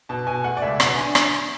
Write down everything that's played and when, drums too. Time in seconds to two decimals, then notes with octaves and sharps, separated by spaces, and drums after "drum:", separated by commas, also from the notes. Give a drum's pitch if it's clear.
0.09 B2 A5
0.27 B2 G#5
0.44 A3 F#5
0.57 D5
0.62 C#2 E5
0.80 B2 F#5, drum: rim click
0.97 D4 G#5
1.15 drum: rim click